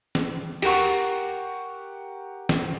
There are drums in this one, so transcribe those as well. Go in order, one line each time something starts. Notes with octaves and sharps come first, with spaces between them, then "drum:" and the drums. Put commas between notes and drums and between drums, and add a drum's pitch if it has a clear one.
drum: snare
G4 A#4 F#5 C#6, drum: open hi-hat
drum: snare